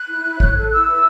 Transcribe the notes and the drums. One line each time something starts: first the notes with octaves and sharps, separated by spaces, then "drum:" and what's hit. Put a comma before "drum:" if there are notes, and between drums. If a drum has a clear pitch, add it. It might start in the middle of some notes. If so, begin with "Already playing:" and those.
Already playing: F#6
E4
E4
C#5, drum: kick A1
A4
E4 E6
B4